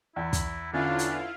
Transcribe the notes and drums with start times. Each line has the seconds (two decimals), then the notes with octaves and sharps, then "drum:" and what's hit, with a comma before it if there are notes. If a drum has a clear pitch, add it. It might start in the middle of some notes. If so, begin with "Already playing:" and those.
0.16 E2 E4
0.33 drum: kick, hi-hat
0.73 D3 B3 C#4 D4 E4 F4 F5
0.99 drum: hi-hat